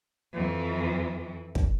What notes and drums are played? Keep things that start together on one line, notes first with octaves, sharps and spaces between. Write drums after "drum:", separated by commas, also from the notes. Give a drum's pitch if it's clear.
F2 E3
drum: kick